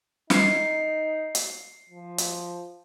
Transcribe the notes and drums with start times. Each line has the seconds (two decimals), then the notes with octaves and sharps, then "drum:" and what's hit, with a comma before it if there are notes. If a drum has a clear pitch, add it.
0.30 D#4 C7 C#7, drum: snare
1.35 drum: hi-hat
1.90 F3
2.18 drum: hi-hat